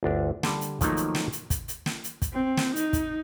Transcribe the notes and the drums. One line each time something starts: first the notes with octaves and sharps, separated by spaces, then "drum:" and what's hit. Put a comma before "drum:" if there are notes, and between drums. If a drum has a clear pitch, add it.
G1 D2 D4
D3 G3, drum: snare
drum: hi-hat
D#3 F3 F#3 A3 A#3 D#4, drum: kick, hi-hat
drum: hi-hat
drum: snare
drum: hi-hat
drum: kick, hi-hat
drum: hi-hat
drum: snare
drum: hi-hat
drum: kick, hi-hat
C4
drum: snare
D#4, drum: hi-hat
drum: kick, hi-hat